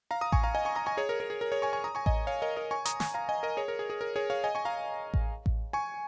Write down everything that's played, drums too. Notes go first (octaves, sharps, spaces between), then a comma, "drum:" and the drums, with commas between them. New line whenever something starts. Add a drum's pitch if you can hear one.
F5 A#5
A#5 D#6
G#5 C#6, drum: kick A1
F5 A#5
D#5 G#5
G#5 C#6
A#5 D#6
G#5 C#6
G#4 C#5
A#4
A#4
G#4
A#4
G#4 C#5
G#5 C#6
G#5 C#6
A#5 D#6
G#5 C#6
D#5 G#5, drum: kick A1
C#5 F5
A#4 D#5
A#4 D#5
G#5 C#6
A#5 D#6, drum: hi-hat
G#5 C#6, drum: snare
F5 A#5
D#5 G#5
A#4 D#5
G#4 C#5
A#4
G#4
G#4
A#4
G#4 C#5
C#5 F5
D#5 G#5
G#5 C#6
F5 A#5
drum: kick A1
drum: kick A1
G#5 C#6